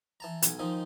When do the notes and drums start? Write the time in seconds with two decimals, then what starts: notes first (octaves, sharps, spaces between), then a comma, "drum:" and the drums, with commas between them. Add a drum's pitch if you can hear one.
0.20 E3 A5 A#5
0.42 B1 G#5, drum: hi-hat
0.59 D#3 F3 G#3 D#4